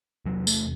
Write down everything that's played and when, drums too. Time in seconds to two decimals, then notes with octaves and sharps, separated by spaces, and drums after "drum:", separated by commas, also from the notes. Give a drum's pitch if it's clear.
0.25 E2 C3 F#3
0.47 A3, drum: tambourine